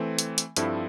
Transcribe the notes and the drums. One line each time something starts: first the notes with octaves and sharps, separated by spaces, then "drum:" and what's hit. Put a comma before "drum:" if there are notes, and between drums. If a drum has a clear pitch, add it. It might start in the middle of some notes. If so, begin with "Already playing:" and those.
Already playing: E3 A3 C4
drum: hi-hat
drum: hi-hat
G2 F3 C4 E4 A4, drum: hi-hat